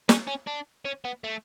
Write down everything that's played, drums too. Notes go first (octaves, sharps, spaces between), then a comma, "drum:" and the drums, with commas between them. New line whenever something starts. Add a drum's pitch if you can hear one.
C#4, drum: snare
C#4
D4
C#4
B3
A3